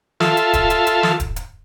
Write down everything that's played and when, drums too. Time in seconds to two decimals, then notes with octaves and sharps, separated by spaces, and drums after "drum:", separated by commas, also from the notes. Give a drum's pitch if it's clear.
0.20 F4 A4 E5, drum: snare
0.37 drum: hi-hat
0.53 drum: kick D1, hi-hat
0.70 drum: hi-hat
0.87 drum: hi-hat
1.03 drum: snare
1.20 drum: kick D1, hi-hat
1.36 drum: hi-hat